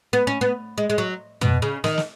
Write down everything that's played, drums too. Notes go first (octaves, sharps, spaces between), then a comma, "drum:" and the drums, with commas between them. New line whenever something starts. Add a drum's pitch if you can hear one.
B3
C#4
B3
G#3
G#3
F#3
B2, drum: tom F2
C#3
D#3, drum: snare
drum: snare